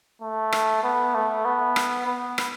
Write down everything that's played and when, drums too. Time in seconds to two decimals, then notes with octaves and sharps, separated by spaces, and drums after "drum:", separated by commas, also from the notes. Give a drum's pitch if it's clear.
0.22 A3
0.52 drum: rim click
0.83 B3
1.15 A3
1.45 B3
1.76 drum: rim click
2.06 B3
2.38 drum: rim click